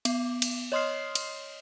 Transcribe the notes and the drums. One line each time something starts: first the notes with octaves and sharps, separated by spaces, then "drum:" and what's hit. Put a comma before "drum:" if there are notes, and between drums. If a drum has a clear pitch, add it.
B3, drum: cymbal
drum: cymbal
C#5 D#5 C6 D#6 F6 C7
drum: cymbal